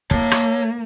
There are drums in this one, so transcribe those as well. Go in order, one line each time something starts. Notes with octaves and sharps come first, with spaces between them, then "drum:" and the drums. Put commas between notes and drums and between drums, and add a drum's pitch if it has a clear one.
A#3 C#5 A5, drum: kick
drum: rim click